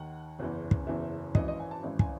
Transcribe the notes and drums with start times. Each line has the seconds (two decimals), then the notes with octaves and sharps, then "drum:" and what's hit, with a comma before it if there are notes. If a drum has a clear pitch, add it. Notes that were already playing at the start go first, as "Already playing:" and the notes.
Already playing: D#2 D#3 F#5
0.39 F#1 E2 C#3 E3
0.71 drum: kick
0.87 F#1 E2 C#3 E3 E5
1.35 G#1 F#2 E3 D#5, drum: kick
1.48 D#5
1.60 G#5
1.71 A5
1.83 G#1 F#2 E3
1.99 G#5, drum: kick